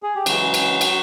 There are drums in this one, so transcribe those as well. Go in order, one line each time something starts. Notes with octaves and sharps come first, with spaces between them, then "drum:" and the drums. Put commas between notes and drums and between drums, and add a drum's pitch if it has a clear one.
G#4
G4
C#3 E3 F#3 G#3 F#4, drum: cymbal
drum: cymbal
drum: cymbal